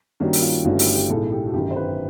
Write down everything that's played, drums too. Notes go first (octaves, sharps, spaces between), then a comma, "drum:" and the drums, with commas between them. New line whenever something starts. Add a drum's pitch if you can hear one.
G2 D#3 G3 A#3 C#4 F#4
drum: open hi-hat
F4
G1 G2 E3 A3 C#4 F#4
G4, drum: open hi-hat
G4
B1 A2 E3 G#3 A4
G4
F#4
G1 F#2 D#3 G4
C5
B4